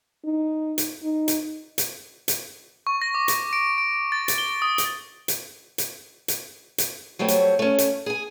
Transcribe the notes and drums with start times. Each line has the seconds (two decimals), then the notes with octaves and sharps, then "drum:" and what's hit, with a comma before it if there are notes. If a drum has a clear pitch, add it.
0.24 D#4
0.78 drum: hi-hat
1.03 D#4
1.28 drum: hi-hat
1.78 drum: hi-hat
2.28 drum: hi-hat
2.87 C#6
3.02 A#6
3.15 D6
3.28 drum: hi-hat
3.53 D7
3.78 D7
4.12 A6
4.28 drum: hi-hat
4.38 G7
4.62 D#6
4.78 drum: hi-hat
5.28 drum: hi-hat
5.78 drum: hi-hat
6.28 drum: hi-hat
6.78 drum: hi-hat
7.19 F#3 G3 A3 C4 C#5
7.28 drum: hi-hat
7.59 A3 C#4
7.78 drum: hi-hat
8.06 G#4 G#5